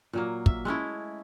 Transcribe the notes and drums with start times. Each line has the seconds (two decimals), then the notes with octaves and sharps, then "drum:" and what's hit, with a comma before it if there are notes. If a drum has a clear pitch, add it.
0.13 A#2 F#3 A#3
0.46 E5, drum: kick
0.65 G#3 A3 C#4 E4